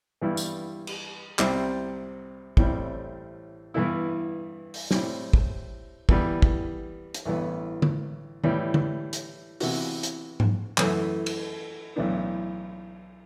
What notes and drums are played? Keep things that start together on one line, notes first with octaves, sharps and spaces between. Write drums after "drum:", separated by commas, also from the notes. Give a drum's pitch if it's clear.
G2 E3 G3 B3 E4
drum: tambourine
drum: cymbal
C2 C3 G3 C4, drum: clap
A1 A2 G3 C4, drum: kick
G2 E3 B3 E4
drum: open hi-hat
A2 G3 C4, drum: snare
drum: kick
E3 G3 B3, drum: kick
drum: kick
drum: hi-hat
A1 G2 E3 B3
drum: tom D3
A2 E3 G3, drum: tom D#3
drum: tom D3
drum: hi-hat
C3 E3 B3 F#4, drum: open hi-hat
drum: hi-hat
drum: tom G#2
F#2 E3 A3, drum: clap
drum: cymbal
B1 A2 E3 B3 D4